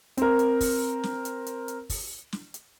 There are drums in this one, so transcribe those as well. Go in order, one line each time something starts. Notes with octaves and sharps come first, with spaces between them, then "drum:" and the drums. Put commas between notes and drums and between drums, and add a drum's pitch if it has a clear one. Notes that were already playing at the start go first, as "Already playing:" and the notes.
C4 A#4, drum: hi-hat
drum: hi-hat
drum: kick, open hi-hat
drum: snare
drum: hi-hat
drum: hi-hat
drum: hi-hat
drum: kick, open hi-hat
drum: snare
drum: hi-hat